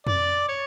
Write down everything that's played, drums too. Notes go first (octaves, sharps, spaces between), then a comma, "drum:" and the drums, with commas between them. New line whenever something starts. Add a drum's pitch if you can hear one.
D5, drum: tom F2
C#5